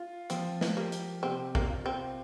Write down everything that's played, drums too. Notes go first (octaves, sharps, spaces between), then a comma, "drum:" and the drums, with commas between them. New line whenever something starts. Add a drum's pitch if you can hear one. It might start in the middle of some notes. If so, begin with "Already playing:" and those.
Already playing: F4
F3 C4, drum: hi-hat
drum: snare
A#3 G4
drum: hi-hat
C3 C4
A#3, drum: kick
F4
C4